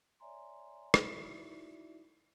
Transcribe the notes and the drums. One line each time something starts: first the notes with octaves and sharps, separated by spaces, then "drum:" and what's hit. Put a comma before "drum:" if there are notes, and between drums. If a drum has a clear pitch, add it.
C#5 D5 E5 G#5 A#5 C6
drum: rim click
D#4 E4 F#4 D5 E5